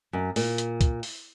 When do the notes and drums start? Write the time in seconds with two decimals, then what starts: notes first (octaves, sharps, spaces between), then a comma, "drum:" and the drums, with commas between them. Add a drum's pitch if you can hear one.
0.13 F#2
0.36 A#2, drum: open hi-hat
0.58 drum: hi-hat
0.81 drum: kick, hi-hat
1.03 drum: open hi-hat